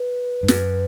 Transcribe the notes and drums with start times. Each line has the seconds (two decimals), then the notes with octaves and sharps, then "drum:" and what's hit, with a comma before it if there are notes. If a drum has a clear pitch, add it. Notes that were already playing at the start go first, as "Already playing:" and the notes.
Already playing: B4
0.43 G2
0.48 F#2, drum: snare